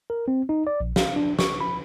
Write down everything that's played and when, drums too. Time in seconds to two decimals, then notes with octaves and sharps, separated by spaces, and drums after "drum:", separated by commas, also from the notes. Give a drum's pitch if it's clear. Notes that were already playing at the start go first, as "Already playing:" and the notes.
0.10 A#4
0.28 C4
0.49 D#4
0.67 D5
0.80 A#1
0.96 F5, drum: snare
1.16 D4
1.39 C#6, drum: snare
1.60 B5